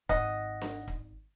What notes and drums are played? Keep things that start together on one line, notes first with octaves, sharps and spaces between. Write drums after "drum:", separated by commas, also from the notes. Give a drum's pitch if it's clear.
G#1 D#5 F#5, drum: kick
drum: snare D4
drum: kick